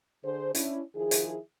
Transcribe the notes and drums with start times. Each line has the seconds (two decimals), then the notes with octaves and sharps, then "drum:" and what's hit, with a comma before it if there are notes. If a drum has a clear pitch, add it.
0.24 D3 G#4 C5
0.55 C#4 D4 E4, drum: hi-hat
0.95 D#3 F3 E4 G#4
1.11 drum: hi-hat